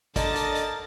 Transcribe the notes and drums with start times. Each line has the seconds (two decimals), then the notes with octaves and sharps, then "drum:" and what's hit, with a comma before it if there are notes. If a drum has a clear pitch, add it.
0.16 D3 A#4 D5 D#5 A5 A6 A#6, drum: kick, hi-hat
0.36 drum: hi-hat
0.55 drum: hi-hat